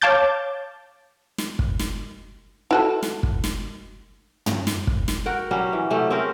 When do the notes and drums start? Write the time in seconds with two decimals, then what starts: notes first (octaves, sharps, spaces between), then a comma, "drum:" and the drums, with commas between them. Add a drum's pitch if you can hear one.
0.01 C#5 F5 A5 D6 G6 A6
1.38 drum: snare
1.59 drum: kick
1.79 drum: snare
2.71 E4 F#4 A4
3.03 drum: snare
3.23 drum: kick
3.44 drum: snare
4.46 drum: tom
4.67 drum: snare
4.87 drum: kick
5.08 drum: snare
5.26 F#4 A#4 F#5 G5
5.51 F#3 G3 C#4
5.73 E3
5.90 C3 F#3 A3 C#4
6.10 C4 C#4 G#4 A#4